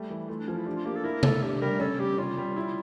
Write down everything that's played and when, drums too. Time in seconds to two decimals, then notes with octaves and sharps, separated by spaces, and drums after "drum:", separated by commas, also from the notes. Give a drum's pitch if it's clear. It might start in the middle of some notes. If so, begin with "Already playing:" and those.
Already playing: G3 A3
0.10 E3
0.28 A3 F4
0.39 D4
0.47 F3 C#4
0.57 E4
0.66 D4 G4
0.76 F4
0.85 A#3 G4
0.96 A4
1.04 E4 A#4
1.23 A3 A4, drum: tom C3
1.43 D4 G4
1.61 G3 A#4
1.80 C#4 A4
1.99 G3 G4
2.18 C#4 F4
2.37 G3
2.56 E4